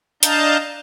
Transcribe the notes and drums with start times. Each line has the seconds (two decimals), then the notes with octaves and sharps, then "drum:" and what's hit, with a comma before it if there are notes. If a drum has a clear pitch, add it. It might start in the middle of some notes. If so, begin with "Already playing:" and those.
0.23 D4 D#5 F5 A5 A#5 G6, drum: hi-hat